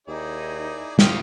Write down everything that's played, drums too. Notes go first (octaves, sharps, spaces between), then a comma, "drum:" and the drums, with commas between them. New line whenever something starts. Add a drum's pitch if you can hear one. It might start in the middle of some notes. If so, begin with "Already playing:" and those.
D#2 D#4 E4 G#4 D5
D#2 F4 G4 D#6 F6, drum: snare